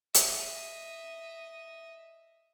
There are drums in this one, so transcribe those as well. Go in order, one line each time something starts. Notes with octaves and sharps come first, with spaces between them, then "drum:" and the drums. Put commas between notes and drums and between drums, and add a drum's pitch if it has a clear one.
D#5 E5, drum: hi-hat